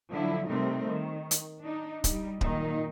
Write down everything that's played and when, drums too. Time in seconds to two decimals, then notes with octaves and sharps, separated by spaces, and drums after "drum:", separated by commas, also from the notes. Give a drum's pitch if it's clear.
0.12 D3 F3 F#3 E4
0.49 C3 G3 A3 C4 D#4 A#4
0.88 D#3
1.31 drum: hi-hat
1.62 D4 D#4
2.04 G3 D#4, drum: kick D1, hi-hat
2.41 F#2 A#2 D#3 D#4, drum: kick D1